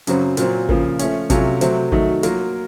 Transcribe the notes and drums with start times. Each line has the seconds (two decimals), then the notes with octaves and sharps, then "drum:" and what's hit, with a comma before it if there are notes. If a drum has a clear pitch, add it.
0.07 F#2 C#3 F#3 C4, drum: hi-hat
0.37 A#2 F#3 C4, drum: hi-hat
0.69 C#3 F3 A#3, drum: kick
0.99 F3 A3 C#4, drum: hi-hat
1.30 C3 F#3 A3 C#4 F4, drum: kick, hi-hat
1.61 C3 F#3 A3 C4, drum: hi-hat
1.92 D#3 F#3 A3 D#4, drum: kick
2.23 F#3 A#3 F4 A#4, drum: hi-hat